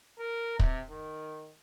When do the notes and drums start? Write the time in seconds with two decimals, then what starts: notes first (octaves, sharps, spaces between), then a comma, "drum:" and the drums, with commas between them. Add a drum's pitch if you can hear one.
0.19 A#4
0.59 C3, drum: kick
0.90 D#3